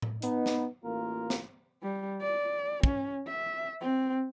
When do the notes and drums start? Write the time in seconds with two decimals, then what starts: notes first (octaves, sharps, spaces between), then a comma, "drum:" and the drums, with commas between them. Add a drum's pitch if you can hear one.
0.02 drum: tom A2
0.22 B3 D#4, drum: hi-hat
0.46 drum: snare
0.83 A1 A#3 F4 A#4
1.30 drum: snare
1.82 G3
2.21 D5
2.83 C#4, drum: kick
3.27 E5
3.81 C4